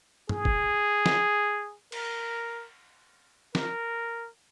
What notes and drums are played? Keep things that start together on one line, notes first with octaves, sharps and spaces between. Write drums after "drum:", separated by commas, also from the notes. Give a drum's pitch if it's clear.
G#4, drum: tom G2
drum: kick
drum: snare
A#4, drum: cymbal
A#4, drum: snare